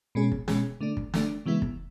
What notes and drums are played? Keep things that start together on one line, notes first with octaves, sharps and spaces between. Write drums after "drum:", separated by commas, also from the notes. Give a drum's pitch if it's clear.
B2 G#3 C#4 G#4
drum: kick
B2 G#3 C#4 G#4, drum: snare
D3 A3 D4
drum: kick
D3 A3 D4, drum: snare
C#3 E3 G#3 B3 E4
drum: kick